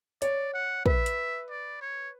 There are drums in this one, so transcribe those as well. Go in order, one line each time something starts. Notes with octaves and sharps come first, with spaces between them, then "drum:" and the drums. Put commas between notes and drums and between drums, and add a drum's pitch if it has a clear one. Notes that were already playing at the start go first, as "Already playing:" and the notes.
C#5 D5, drum: hi-hat
F#5
B4 E5, drum: kick
drum: hi-hat
D5
C#5